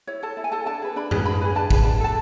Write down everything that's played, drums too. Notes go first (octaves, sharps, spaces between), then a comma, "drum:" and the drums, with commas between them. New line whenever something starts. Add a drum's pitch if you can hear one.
E4 C#5
A4 A5
E4
G#5
A4 A5
D4 A5
G#4 B4
D4 B5
G#4 B4, drum: tom F#2
D4 B5
G#4 B4
D4 A5
G#4 B4, drum: kick
D4 A5
A4 A5